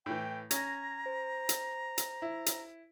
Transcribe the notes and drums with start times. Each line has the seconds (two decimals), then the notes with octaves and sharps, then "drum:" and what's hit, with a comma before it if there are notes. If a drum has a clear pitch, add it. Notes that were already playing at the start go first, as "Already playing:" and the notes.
0.06 A2 E3 G5
0.51 C#4 A#5 G#6 A#6, drum: hi-hat
1.06 C5
1.49 drum: hi-hat
1.98 drum: hi-hat
2.22 E4
2.46 drum: hi-hat